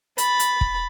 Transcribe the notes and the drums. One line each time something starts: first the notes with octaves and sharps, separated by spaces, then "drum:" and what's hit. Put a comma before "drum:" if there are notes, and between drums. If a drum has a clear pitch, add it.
B5 A6, drum: hi-hat
drum: hi-hat
drum: kick